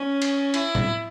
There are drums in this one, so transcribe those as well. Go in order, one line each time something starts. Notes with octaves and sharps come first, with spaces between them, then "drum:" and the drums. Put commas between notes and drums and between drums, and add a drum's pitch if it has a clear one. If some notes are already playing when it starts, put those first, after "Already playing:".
Already playing: C#4
drum: cymbal
E4, drum: cymbal
drum: tom A2